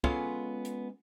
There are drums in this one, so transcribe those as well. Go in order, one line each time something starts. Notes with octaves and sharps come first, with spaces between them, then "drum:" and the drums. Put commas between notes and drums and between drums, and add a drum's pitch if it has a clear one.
G#3 B3 C#4 F4 A4 F5, drum: kick
drum: hi-hat